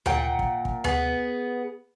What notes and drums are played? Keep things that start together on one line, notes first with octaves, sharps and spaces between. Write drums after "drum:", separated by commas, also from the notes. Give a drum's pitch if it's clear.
A#2 F#5 G5, drum: tom D2
drum: kick
drum: kick
B3 G#4, drum: tom D2